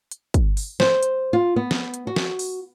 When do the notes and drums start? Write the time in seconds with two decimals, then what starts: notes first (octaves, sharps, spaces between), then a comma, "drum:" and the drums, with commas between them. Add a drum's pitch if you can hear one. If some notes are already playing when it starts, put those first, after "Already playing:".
0.11 drum: hi-hat
0.34 drum: kick, hi-hat
0.57 drum: open hi-hat
0.80 C5, drum: snare
1.03 drum: hi-hat
1.33 F4
1.56 B3
1.71 drum: snare
1.94 drum: hi-hat
2.07 F#4
2.16 drum: snare
2.39 drum: open hi-hat